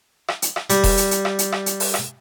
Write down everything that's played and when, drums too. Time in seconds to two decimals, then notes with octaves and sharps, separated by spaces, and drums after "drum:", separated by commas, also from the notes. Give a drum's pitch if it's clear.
0.28 drum: rim click
0.42 drum: hi-hat
0.56 drum: rim click
0.70 G3, drum: hi-hat
0.84 drum: kick E1, open hi-hat
0.97 drum: hi-hat
1.11 drum: hi-hat
1.25 drum: rim click
1.39 drum: hi-hat
1.52 drum: rim click
1.66 drum: hi-hat
1.80 drum: open hi-hat
1.94 drum: rim click